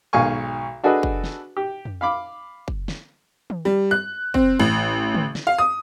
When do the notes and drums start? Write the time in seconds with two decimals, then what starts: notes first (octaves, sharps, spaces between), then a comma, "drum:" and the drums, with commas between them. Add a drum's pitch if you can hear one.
0.13 B1 G#2 D#3 F5 G#5 C#6
0.83 D4 F#4 G#4 A4 B4 D#5
1.03 drum: kick
1.24 drum: snare
1.57 G4
1.85 drum: tom F2
2.01 F5 B5 D6
2.68 drum: kick
2.88 drum: snare
3.50 drum: tom
3.65 G3
3.91 F#6
4.34 C4, drum: kick
4.60 A1
5.15 drum: tom
5.35 drum: snare
5.47 F5
5.58 D#6